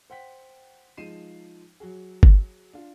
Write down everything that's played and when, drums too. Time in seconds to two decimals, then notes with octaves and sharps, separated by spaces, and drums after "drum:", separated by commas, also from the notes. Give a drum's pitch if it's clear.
0.10 C5 F#5 G5 B6
0.97 F3 G#3 D#4 C7 D#7 E7
1.80 F#3 F#4 G#4
2.23 drum: kick G1
2.74 D4 F4